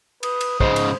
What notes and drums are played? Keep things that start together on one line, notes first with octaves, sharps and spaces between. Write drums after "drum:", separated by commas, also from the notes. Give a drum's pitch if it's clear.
B4 D#6, drum: cymbal
drum: cymbal
G#2 C#3 C5 D#5, drum: kick
drum: cymbal